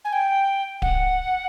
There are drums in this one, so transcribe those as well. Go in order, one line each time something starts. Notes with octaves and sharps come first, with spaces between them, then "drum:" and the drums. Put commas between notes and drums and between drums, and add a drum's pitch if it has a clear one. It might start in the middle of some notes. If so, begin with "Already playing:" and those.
G#5
G5
F#5, drum: kick D1